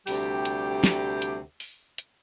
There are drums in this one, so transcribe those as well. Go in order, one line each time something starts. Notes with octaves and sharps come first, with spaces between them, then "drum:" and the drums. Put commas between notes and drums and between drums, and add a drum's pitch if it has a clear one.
D2 C3 G3 G4, drum: open hi-hat
drum: hi-hat
drum: snare
drum: hi-hat
drum: open hi-hat
drum: hi-hat